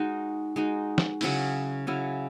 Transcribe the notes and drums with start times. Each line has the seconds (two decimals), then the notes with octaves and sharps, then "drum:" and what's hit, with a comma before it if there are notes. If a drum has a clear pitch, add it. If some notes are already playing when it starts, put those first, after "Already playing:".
Already playing: G#3 D#4 F#4
0.56 G#3 D#4 F#4
0.98 drum: snare
1.21 C#3 F#3 C#4 E4, drum: open hi-hat
1.87 C#3 F#3 C#4 E4